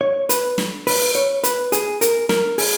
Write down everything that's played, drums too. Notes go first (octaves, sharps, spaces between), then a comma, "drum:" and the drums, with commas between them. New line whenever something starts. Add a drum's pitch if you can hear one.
C#5
B4, drum: hi-hat
drum: snare
B4, drum: open hi-hat
C#5
B4, drum: hi-hat
G#4, drum: hi-hat
A#4, drum: hi-hat
A#4, drum: snare
G#4, drum: open hi-hat